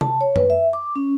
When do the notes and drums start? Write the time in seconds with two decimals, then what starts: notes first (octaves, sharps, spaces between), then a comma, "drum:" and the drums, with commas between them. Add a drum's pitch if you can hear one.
0.01 A5, drum: tom C3
0.21 C#5
0.36 B4, drum: tom F#2
0.50 E5
0.73 D6
0.96 C#4